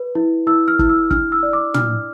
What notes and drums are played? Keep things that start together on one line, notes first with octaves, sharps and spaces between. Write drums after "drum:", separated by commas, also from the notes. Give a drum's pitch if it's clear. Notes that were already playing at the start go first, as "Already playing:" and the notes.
Already playing: B4
E4
E4 E6
F6
E4, drum: kick
E6
D4 F6, drum: kick
E6
D5
D6
D4 F6, drum: tom